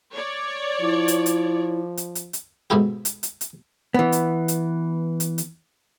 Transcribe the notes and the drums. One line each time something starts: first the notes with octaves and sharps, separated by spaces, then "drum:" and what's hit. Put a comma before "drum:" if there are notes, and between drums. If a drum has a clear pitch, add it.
C#5 D5
F3 E4
drum: hi-hat
drum: hi-hat
drum: hi-hat
drum: hi-hat
drum: hi-hat
G#2 B2 A3 E4 G4
drum: hi-hat
drum: hi-hat
drum: hi-hat
E3 B3
drum: hi-hat
drum: hi-hat
drum: hi-hat
drum: hi-hat